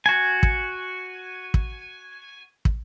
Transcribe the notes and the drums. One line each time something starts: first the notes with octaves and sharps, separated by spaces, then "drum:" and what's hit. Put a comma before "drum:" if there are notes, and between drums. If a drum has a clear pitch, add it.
F#4 G#5
drum: kick
drum: kick
drum: kick